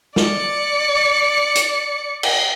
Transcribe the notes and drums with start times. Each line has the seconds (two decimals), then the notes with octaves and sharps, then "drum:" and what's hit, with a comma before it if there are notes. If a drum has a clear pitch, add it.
0.16 D5 C#7, drum: snare
1.55 drum: hi-hat
2.23 drum: cymbal